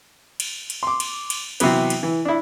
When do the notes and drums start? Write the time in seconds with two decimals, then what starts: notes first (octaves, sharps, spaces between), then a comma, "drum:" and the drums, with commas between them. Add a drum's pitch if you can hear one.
0.40 drum: cymbal
0.70 drum: cymbal
0.83 C6 D6
1.00 drum: cymbal
1.30 drum: cymbal
1.60 C3 E3 F#3 B3, drum: cymbal
1.90 drum: cymbal
2.03 E3
2.25 D4 E4